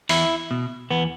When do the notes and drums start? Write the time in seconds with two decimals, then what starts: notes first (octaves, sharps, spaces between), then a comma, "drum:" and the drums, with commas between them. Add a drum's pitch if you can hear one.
0.09 E2 E4, drum: open hi-hat
0.51 B2
0.91 E2 B3